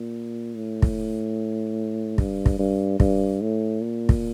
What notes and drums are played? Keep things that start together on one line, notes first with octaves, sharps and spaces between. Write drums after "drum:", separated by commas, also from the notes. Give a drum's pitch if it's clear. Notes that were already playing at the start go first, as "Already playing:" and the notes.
Already playing: A#2
A2
drum: kick
G2, drum: kick
drum: kick
G2
G2, drum: kick
A2
A#2
drum: kick